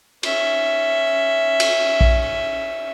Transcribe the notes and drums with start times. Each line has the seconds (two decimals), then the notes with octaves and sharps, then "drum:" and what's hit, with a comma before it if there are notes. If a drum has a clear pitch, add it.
0.23 C#4 E5, drum: cymbal
1.60 drum: cymbal
2.01 drum: kick A#1